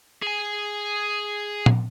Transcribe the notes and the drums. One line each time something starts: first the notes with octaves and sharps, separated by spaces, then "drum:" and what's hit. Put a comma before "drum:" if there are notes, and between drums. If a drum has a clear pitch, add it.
G#4 G#5
drum: tom